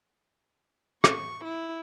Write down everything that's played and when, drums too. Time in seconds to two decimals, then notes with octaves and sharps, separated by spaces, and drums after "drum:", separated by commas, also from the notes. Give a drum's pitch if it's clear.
1.04 C#6, drum: rim click
1.45 E4